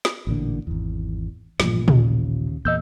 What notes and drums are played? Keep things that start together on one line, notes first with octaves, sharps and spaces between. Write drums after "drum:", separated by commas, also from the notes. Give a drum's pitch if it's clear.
drum: snare
A1 A#2 D3
G#1 E2
A1 G2 A#2 F3, drum: snare
D#2 C#3, drum: tom A#2
E2 A#2 D#5 E6 G6